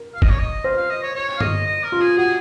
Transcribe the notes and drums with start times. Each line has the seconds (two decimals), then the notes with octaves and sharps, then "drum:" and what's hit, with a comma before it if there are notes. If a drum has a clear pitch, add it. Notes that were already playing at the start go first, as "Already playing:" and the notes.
Already playing: A#4
0.15 F5
0.22 D#5, drum: kick
0.30 C#5
0.39 D#5
0.64 C5 F5
0.77 F5
0.90 D#5
1.03 C#5
1.15 C#5
1.37 F5
1.41 D#5, drum: tom G2
1.66 D#5
1.84 A#4
1.92 F4
2.01 G#4
2.17 F#4 G#4